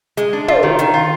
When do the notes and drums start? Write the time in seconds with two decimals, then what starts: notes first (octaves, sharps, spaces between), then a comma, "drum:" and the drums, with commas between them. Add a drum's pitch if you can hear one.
0.17 G#3, drum: hi-hat
0.33 D4
0.48 F4, drum: tom
0.63 D#3
0.79 D#3, drum: hi-hat
0.94 F4